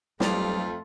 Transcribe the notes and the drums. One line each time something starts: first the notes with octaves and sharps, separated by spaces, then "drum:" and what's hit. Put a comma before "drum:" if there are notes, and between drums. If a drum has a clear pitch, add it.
B1 F2 G3 A3 F4 A4 D5 A#5, drum: snare